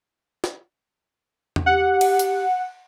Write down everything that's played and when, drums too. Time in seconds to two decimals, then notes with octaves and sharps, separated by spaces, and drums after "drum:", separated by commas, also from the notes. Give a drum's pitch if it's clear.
0.44 drum: snare
1.56 drum: tom E2
1.66 G4 F#5
2.01 drum: cymbal
2.19 drum: hi-hat